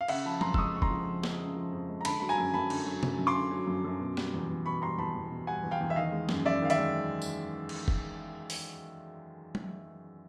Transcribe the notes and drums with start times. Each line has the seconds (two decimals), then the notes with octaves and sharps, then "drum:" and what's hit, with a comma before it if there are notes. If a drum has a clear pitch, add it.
0.01 F5
0.08 C#3 E5 F#5, drum: cymbal
0.25 F3 A5 B5
0.41 F2 A#5 C6, drum: tom F#3
0.54 E6, drum: kick F#1
0.57 G#3 C#6 D#6
0.75 C#3 C#6
0.82 A#5 C6, drum: kick F#1
0.91 F3
1.07 F2
1.23 G#3, drum: snare
1.40 C#3
1.56 F3
1.72 F2
1.89 G#3
2.01 A#5
2.05 D3 A5 B5, drum: cymbal
2.20 F#3 B5
2.29 G#5 A#5
2.38 F#2
2.54 F#2 A5 B5
2.70 D3, drum: cymbal
2.86 F#3
3.03 F#2, drum: tom C3
3.19 F#2
3.27 C6 D6
3.36 D3
3.51 F#3
3.67 F#2
3.85 F#2
4.00 B2
4.17 G3, drum: snare
4.34 E2
4.49 E2
4.66 B2 B5 C#6
4.82 G3 A#5 C6
4.98 E2 A5 B5
5.15 E2
5.31 B2
5.47 G3 F#5 G#5
5.63 E2
5.71 F5 G5
5.80 E2
5.90 E5
5.96 D#3 D#5 F5
6.12 G#3
6.29 F#2, drum: snare
6.45 F#2 D5 E5
6.62 D#3 F5
6.70 D5 E5, drum: hi-hat
6.78 G#3
7.22 drum: tambourine
7.69 drum: cymbal
7.88 drum: kick F#1
8.50 drum: open hi-hat
9.55 drum: tom F#3